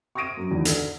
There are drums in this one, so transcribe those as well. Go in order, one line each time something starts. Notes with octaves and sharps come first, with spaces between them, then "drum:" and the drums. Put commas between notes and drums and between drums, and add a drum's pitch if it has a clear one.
C#6 D#6 G#6 A#6 D7 D#7
F#2
E2 D#3
D3, drum: hi-hat